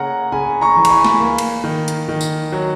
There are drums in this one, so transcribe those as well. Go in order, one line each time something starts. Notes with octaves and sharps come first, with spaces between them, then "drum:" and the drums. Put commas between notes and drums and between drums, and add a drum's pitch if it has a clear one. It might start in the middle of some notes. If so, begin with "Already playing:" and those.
Already playing: C#3 A#3 A#4 C#5 F#5 A#5
C#3 G#5 B5
A#5 C#6
E3
C#6, drum: cymbal
G#5 B5
drum: snare
A#3
drum: cymbal
D#3
drum: hi-hat
D#3
drum: tambourine
F#3